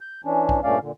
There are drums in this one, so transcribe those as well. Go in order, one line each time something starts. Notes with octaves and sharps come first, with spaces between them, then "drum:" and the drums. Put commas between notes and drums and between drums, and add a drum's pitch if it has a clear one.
G6
E3 C#4 D4
drum: kick
G2 A#2 A3 C#4 D5 F5
A#2 D3